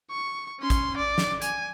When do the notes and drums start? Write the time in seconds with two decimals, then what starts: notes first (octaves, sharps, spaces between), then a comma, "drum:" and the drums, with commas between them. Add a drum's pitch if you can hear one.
0.11 C#6
0.60 C#4 C6
0.70 drum: kick, hi-hat
0.97 D5
1.18 drum: snare
1.42 G#5, drum: hi-hat